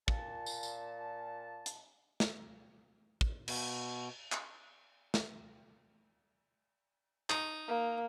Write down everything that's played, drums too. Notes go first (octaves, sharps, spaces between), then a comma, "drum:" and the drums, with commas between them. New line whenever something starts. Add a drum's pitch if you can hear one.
A#2 A5, drum: kick
drum: tambourine
drum: tambourine
drum: hi-hat
drum: snare
drum: kick
B2, drum: cymbal
drum: clap
drum: snare
D#4, drum: clap
A#3